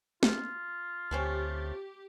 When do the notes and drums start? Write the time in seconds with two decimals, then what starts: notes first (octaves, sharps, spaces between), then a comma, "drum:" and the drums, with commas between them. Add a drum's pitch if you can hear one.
0.23 F4, drum: snare
1.11 D2 A3 C4 C#4 G4